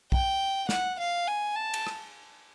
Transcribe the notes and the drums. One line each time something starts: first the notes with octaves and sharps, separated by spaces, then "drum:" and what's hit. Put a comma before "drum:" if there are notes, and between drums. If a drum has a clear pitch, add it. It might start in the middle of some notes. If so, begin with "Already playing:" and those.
G5, drum: kick
F#5, drum: snare
F5
G#5
A5
drum: cymbal
drum: rim click